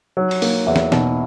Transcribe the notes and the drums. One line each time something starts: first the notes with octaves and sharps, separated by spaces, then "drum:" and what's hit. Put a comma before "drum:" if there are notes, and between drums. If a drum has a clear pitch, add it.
F#3
drum: cymbal
A#3, drum: open hi-hat
E2
drum: snare
B2, drum: snare